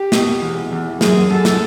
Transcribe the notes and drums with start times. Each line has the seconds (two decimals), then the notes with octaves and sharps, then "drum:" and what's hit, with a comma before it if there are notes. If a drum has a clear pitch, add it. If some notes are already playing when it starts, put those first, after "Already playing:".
Already playing: G4
0.12 B2, drum: snare
0.42 E2
0.72 E2
1.01 F#2 G#4, drum: snare
1.31 F#2 A4
1.45 drum: snare